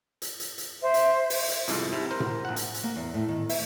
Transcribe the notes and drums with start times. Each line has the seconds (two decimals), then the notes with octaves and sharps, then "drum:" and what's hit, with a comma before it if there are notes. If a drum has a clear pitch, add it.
0.22 drum: hi-hat
0.40 drum: hi-hat
0.58 drum: hi-hat
0.82 C5 E5
0.94 drum: hi-hat
1.30 drum: open hi-hat
1.48 drum: hi-hat
1.68 C2 F2 G#2, drum: hi-hat
1.92 C2 C3
2.11 A#4 C5
2.20 drum: tom A2
2.45 A#1 F#5
2.56 drum: hi-hat
2.74 drum: hi-hat
2.84 A#3
2.96 E2
3.14 A2
3.28 D#3
3.49 E5, drum: open hi-hat